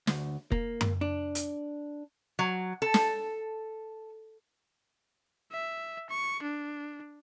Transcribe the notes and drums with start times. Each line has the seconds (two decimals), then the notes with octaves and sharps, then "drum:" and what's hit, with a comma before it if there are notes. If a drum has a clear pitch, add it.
0.07 D2, drum: snare
0.52 A#3, drum: kick F1
0.81 drum: tom F#2
1.01 D4
1.35 drum: hi-hat
2.39 F#3
2.82 A4
2.94 drum: snare
5.52 E5
6.10 C#6
6.42 D4